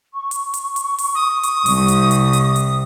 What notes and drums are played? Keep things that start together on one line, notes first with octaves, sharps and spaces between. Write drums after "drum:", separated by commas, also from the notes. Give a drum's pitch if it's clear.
C#6
drum: hi-hat
drum: hi-hat
drum: hi-hat
drum: open hi-hat
D#6
drum: hi-hat
C2, drum: open hi-hat
drum: hi-hat
drum: hi-hat
drum: hi-hat
drum: hi-hat